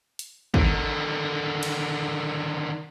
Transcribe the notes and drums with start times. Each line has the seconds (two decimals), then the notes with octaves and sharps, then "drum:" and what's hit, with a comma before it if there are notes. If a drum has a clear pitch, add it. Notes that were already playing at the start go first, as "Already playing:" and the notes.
0.19 drum: hi-hat
0.54 D3 D#3, drum: kick
1.63 drum: cymbal